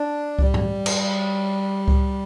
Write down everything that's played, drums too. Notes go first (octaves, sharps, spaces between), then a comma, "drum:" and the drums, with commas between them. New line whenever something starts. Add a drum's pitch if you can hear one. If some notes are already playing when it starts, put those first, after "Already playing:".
Already playing: D4
G3, drum: kick C#2
drum: tom G2
drum: cymbal
drum: kick C#2